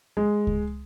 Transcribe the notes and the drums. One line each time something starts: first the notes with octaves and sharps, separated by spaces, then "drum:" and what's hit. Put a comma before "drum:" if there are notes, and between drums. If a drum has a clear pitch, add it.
G#3
drum: kick C#2